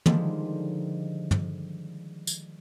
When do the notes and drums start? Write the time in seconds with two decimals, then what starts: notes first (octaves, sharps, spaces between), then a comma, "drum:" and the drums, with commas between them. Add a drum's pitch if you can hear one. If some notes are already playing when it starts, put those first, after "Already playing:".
0.06 D3 D#3 F3 G3 G#3, drum: tom
1.31 drum: tom
2.27 drum: tambourine